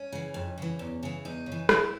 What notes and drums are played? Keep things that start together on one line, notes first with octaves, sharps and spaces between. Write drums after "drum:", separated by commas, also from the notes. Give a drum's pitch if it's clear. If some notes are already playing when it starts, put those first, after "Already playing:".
Already playing: C#4
C#3 E3
F2
C#3 E3
E2
C#3 E3
E2 D#4
C#3
E3
A2 E4, drum: rim click